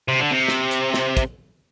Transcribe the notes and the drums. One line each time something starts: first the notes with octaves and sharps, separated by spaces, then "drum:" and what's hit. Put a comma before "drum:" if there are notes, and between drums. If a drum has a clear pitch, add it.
C3
D3
C3
drum: snare
drum: hi-hat
drum: snare
drum: kick, hi-hat